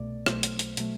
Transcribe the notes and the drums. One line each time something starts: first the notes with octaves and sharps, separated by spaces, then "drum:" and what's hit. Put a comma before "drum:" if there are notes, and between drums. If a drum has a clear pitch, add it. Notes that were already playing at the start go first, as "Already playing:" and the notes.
Already playing: C2 B2 A3 D5
B1 B2 F#3 A3 C5, drum: rim click
drum: hi-hat
drum: hi-hat
B2 F#3 A3, drum: hi-hat